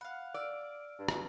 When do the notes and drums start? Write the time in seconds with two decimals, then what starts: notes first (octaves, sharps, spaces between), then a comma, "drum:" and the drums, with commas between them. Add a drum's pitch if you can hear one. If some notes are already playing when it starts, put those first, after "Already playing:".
0.01 F5 F#5 B5
0.34 D5 E6 F6 D7
0.99 G2
1.08 drum: rim click